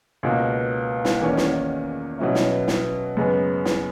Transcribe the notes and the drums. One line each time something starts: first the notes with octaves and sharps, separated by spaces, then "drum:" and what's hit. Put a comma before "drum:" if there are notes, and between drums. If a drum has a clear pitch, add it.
C#2 B2 A#3
drum: snare
E2 D#3 A#3 C#4
drum: snare
B2 F#3 C#4 E4
drum: snare
drum: snare
F#2 C#3 G#3 B3
drum: snare